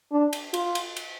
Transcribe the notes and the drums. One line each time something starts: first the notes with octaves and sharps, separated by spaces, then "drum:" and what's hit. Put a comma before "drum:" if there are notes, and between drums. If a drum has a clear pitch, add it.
D4
drum: cymbal
F4, drum: cymbal
drum: cymbal
drum: cymbal